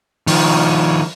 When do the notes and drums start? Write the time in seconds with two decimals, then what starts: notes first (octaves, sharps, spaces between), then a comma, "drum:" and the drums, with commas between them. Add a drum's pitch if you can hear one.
0.27 D#3 F3, drum: open hi-hat